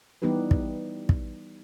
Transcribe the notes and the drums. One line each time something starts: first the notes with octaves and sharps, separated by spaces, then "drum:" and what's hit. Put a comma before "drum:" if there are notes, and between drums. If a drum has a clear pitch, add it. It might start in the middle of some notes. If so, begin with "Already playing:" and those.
E3 G3 B3 D#4 G4 B4
drum: kick
drum: kick